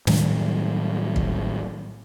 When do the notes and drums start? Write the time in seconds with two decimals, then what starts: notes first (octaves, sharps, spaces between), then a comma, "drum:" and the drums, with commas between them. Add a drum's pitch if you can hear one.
0.07 A2 D#3 F#3 G3, drum: snare
1.16 drum: kick